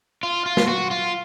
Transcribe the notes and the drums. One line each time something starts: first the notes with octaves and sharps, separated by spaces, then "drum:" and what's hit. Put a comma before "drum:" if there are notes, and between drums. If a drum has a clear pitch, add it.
F4
F4
drum: snare
F#4
F4